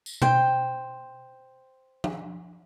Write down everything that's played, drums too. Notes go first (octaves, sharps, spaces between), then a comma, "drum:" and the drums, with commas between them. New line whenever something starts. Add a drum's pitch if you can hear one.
drum: tambourine
C5 G5, drum: tom B2
drum: tom F3